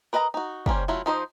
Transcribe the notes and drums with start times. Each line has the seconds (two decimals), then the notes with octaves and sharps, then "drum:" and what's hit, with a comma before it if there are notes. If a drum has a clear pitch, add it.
0.13 A#4 B4 D#5 F5 A#5
0.34 D#4 F#4
0.66 G3 A#3 C#4 C5, drum: kick
0.88 F#3 A3 E4 F4
1.06 F3 D#4 C5 D#5